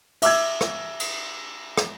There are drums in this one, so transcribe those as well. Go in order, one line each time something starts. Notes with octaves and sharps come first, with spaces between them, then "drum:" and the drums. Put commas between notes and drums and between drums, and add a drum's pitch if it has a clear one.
E5 D6 E6 G#6, drum: cymbal
drum: rim click
drum: cymbal
drum: rim click